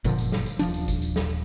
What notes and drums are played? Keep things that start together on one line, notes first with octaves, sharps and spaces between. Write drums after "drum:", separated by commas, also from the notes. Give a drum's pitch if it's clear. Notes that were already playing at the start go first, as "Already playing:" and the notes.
F#1 A#2 D3 F3, drum: kick G1, tambourine
drum: tambourine
drum: snare
drum: tambourine
D#1 F3 D4, drum: tambourine
drum: tambourine
drum: kick G1, tambourine
drum: tambourine
drum: snare